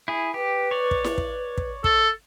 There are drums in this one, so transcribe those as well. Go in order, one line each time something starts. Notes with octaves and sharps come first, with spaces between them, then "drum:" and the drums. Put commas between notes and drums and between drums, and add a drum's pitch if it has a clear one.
E4 G#4
G4 B4
C#5 D5
drum: kick
drum: snare E4
drum: kick
drum: kick
A4, drum: kick